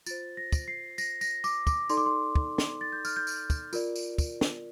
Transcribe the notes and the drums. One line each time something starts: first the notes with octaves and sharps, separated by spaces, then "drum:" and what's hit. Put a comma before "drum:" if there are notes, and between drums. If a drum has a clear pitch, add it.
F4 C5 A6, drum: tambourine
A#6
drum: kick, tambourine
C7
A#6, drum: tambourine
A#6, drum: tambourine
D6, drum: tambourine
D6, drum: kick, tambourine
D#4 A4 D5 C6, drum: tambourine
D6
C6
drum: kick
drum: snare
A6
G6
F6, drum: tambourine
G6
drum: tambourine
drum: kick, tambourine
F4 A#4 D5, drum: tambourine
drum: tambourine
drum: kick, tambourine
drum: snare